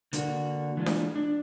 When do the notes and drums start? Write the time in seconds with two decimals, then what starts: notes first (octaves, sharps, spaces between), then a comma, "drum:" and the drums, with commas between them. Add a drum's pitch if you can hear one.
0.13 D3 A#3 D4 F#4, drum: hi-hat
0.77 E3 G#3 D4 F4
0.86 drum: snare D4
1.16 D4